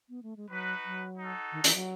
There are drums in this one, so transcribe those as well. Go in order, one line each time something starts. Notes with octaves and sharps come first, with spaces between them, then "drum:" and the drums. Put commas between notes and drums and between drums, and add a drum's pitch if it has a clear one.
B3
A3
G#3
F#3 D#4 F#4 B4
F#3
D#4 F#4 A4
D#3
E3, drum: hi-hat
F#3